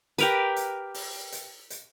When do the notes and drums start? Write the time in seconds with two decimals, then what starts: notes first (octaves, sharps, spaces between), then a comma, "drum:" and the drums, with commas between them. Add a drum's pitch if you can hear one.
0.18 G4 A#4 B4, drum: hi-hat
0.56 drum: hi-hat
0.94 drum: open hi-hat
1.32 drum: hi-hat
1.70 drum: hi-hat